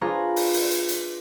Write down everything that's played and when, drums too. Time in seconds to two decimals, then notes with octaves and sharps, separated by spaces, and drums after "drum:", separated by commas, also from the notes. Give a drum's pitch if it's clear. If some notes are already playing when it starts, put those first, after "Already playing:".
0.01 D4 F4 G#4 B4 A#5 C#6
0.36 drum: open hi-hat
0.54 drum: open hi-hat
0.71 drum: hi-hat
0.89 drum: hi-hat